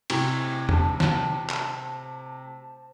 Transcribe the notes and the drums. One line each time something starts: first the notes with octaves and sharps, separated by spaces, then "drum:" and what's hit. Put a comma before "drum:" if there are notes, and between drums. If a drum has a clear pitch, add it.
A2 C3 G4 G#5 C#6 G#6, drum: cymbal
C5 A5, drum: tom E2
drum: snare
drum: clap